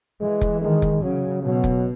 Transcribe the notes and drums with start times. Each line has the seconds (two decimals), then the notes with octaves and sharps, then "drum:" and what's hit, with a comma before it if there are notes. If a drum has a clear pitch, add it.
0.21 E3 G#3
0.41 drum: kick F1
0.62 D#3 G#3
0.82 drum: kick F1
1.02 C#3 F#3
1.43 B2 F#3
1.64 drum: kick F1